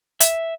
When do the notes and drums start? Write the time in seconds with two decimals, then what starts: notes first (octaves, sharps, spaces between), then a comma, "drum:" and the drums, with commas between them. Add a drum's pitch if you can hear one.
0.20 E5, drum: hi-hat